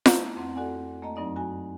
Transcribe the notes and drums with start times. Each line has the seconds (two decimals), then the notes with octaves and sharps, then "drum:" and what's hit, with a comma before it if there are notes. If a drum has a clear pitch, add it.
0.06 A3 E4 A#5 G6, drum: snare F4
0.36 F2 C4 F#5
0.55 F#4 A4 D5 F#5 G#5
1.02 A3 A#3 D#5 A#5
1.16 F#2 F#3 C4 D#4 D5 D#5
1.36 F#4 G#5